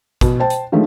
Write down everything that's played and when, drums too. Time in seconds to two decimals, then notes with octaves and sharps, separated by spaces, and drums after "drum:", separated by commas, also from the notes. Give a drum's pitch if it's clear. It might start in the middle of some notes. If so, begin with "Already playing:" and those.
0.21 B2, drum: kick, hi-hat
0.40 C5 G5 A5
0.50 drum: hi-hat
0.72 D3 D#3 F3 G#3 A3